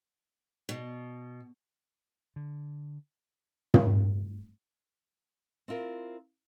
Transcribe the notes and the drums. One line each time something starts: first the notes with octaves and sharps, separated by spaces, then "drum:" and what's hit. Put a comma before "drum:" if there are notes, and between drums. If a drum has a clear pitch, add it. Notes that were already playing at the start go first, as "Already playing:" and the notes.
B2
D3
drum: tom
C4 E4 F4 A#4